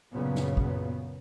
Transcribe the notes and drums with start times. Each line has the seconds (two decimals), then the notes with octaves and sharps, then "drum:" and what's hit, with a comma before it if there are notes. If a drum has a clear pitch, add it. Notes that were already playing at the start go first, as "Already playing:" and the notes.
0.13 F#2 A#2 C#3 F#3 B3
0.35 drum: snare
0.57 drum: kick